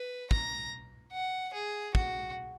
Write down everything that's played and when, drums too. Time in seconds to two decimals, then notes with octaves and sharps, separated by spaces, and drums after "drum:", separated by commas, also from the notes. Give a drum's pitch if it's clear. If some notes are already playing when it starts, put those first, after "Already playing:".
Already playing: B4
0.31 A#5, drum: kick
1.12 F#5
1.54 G#4
1.95 F#4, drum: kick